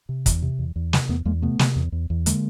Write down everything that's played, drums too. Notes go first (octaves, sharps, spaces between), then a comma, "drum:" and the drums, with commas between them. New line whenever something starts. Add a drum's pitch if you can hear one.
C3
E2, drum: kick, hi-hat
C3
E2
E2
C3, drum: snare
E2 A3 B3
E2 G#3 A#3
C3 A3 B3
C3, drum: snare
E2
E2
E2
D3 G#3 A#3, drum: hi-hat